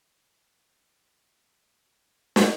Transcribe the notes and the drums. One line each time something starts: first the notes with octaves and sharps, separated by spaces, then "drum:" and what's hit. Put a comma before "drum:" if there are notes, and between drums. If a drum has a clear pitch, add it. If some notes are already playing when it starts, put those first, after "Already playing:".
C4 D4 E4 F#4 G4
E4 D#5 E5
drum: snare